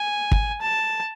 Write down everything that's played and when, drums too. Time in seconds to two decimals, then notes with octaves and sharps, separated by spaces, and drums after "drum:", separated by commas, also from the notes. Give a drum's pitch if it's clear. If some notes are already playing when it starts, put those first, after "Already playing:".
Already playing: G#5
0.32 drum: kick
0.62 A5